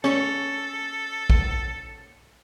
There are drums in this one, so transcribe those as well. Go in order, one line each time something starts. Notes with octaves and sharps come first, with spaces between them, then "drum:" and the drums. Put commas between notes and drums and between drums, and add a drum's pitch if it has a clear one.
C#4 A4, drum: rim click
drum: kick A#1